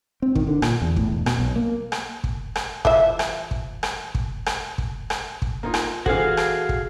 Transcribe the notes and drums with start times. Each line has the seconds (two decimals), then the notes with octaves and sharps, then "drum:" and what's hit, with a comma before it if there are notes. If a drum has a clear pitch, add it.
0.22 C4
0.35 D#3, drum: kick
0.47 D3
0.62 A#2, drum: rim click
0.82 E2
0.96 A2, drum: kick
1.12 E1
1.26 B2, drum: rim click
1.39 B1
1.56 A#3
1.92 drum: rim click
2.24 drum: kick
2.55 drum: rim click
2.85 E3 F3 E5, drum: kick
3.19 drum: rim click
3.51 drum: kick
3.83 drum: rim click
4.15 drum: kick
4.46 drum: rim click
4.78 drum: kick
5.10 drum: rim click
5.42 drum: kick
5.63 A#3 D#4 F4
5.74 drum: rim click
6.06 E3 F#4 G#4 A4 C5 F5, drum: kick
6.37 drum: rim click
6.69 drum: kick